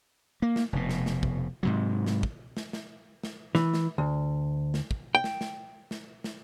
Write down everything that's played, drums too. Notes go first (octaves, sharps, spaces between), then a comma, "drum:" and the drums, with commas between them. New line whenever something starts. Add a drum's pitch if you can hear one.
A#3
drum: snare
F1 B2
drum: snare
drum: snare
drum: kick
G#2 C3 F#3
drum: snare
drum: kick
drum: snare
drum: snare
drum: snare
E3, drum: snare
drum: snare
D2
drum: snare
drum: kick
G5
drum: snare
drum: snare
drum: snare
drum: snare